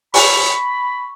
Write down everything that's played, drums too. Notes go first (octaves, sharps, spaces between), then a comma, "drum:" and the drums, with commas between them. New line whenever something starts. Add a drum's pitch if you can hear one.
B5 C#6, drum: open hi-hat